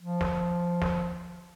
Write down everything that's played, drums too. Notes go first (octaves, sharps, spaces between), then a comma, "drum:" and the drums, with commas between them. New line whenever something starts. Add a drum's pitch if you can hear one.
F3
drum: snare
drum: snare